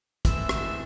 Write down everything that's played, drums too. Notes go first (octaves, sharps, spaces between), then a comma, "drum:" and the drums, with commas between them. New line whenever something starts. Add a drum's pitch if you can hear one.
G#2 E3 A3 C4 E5, drum: kick, hi-hat
drum: rim click